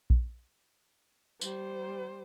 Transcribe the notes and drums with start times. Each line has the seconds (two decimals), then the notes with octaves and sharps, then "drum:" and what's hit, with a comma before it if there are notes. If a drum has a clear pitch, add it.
0.10 drum: kick A#1
1.41 G3 C5, drum: tambourine